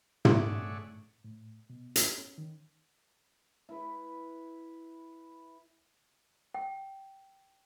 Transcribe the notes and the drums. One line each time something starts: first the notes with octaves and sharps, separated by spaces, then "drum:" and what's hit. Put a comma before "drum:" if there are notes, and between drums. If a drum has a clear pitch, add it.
G#4 A4 C#5 D5 E5 F#5, drum: tom
A2
B2
A4, drum: hi-hat
C#4
D#3
E4 B4
G5